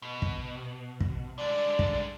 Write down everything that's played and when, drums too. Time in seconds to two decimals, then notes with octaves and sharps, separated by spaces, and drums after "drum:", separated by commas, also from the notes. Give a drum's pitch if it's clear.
0.02 B2
0.22 drum: kick
1.00 drum: kick
1.38 D3 G#3 D5
1.79 drum: kick